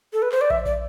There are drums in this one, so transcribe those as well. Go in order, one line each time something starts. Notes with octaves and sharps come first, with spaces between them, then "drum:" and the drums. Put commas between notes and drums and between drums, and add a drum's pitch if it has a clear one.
A4
B4
C5, drum: clap
D5
E5, drum: kick
D5, drum: kick